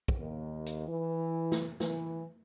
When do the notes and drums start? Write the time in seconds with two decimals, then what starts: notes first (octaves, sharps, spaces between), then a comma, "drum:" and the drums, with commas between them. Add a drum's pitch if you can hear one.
0.08 drum: kick
0.19 D#2
0.66 drum: hi-hat
0.87 E3
1.52 drum: snare
1.80 E3, drum: snare